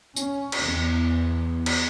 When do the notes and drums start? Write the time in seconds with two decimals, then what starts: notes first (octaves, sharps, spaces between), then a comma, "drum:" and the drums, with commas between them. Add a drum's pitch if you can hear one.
0.16 C#4, drum: tambourine
0.52 drum: cymbal
0.68 E2
1.66 drum: cymbal